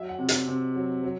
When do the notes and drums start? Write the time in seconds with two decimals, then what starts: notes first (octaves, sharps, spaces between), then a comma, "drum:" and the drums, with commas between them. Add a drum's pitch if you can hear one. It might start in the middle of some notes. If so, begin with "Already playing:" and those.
Already playing: F#3 E5
0.09 F#5
0.19 C3
0.28 E5, drum: hi-hat
0.47 C3
0.75 F#3
1.03 F#3